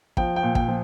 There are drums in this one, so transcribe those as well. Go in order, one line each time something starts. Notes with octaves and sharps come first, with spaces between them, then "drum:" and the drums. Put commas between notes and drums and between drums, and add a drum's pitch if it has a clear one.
F3 G5, drum: kick
G5
A#2
G5, drum: kick
F3